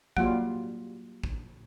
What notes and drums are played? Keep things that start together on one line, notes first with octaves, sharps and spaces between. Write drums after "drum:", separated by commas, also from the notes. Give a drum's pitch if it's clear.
F#3 G3 A#3 F4, drum: kick G#1
drum: kick G#1